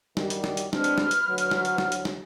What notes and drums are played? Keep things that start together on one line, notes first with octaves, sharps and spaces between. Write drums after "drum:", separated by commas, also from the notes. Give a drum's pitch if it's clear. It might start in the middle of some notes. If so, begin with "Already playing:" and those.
F#2 D#3 G3, drum: snare
drum: hi-hat
drum: snare
drum: hi-hat
G#3 C4 D4 B4 F6, drum: snare
drum: hi-hat
drum: snare
drum: hi-hat
D2 F#3
drum: hi-hat
drum: snare
drum: hi-hat
drum: snare
drum: hi-hat
drum: snare